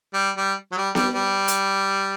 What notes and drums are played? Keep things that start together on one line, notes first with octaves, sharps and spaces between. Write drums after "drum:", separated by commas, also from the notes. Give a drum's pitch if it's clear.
G3
G3
F#3
G3
G3, drum: snare B3
G3
drum: hi-hat